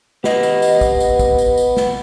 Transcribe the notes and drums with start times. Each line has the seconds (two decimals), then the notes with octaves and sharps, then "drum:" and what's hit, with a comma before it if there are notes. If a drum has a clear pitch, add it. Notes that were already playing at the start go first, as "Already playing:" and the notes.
0.24 B3 G4 D#5, drum: snare
0.43 drum: tambourine
0.62 drum: tambourine
0.81 drum: kick, tambourine
1.00 drum: tambourine
1.19 drum: kick, tambourine
1.38 drum: tambourine
1.58 drum: tambourine
1.77 drum: snare